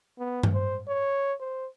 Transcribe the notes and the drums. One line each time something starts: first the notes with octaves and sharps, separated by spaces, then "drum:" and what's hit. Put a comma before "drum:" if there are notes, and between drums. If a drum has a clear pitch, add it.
B3
drum: tom G2
C5
C#5
C5